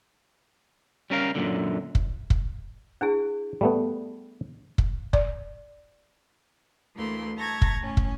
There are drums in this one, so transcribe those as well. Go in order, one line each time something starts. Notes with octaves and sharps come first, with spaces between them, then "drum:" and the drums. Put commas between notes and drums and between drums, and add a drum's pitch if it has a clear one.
G3 C#4 A#4 F5
F#2 A#2 D3
drum: kick
drum: kick
D4 E4 G#4 F#5
G3 A3 B3
drum: kick
D5, drum: kick
D2 E3 A3 A#3 C6
E5 A5 A#5 C#6 G#6 A#6
drum: kick
A2 C#4
drum: kick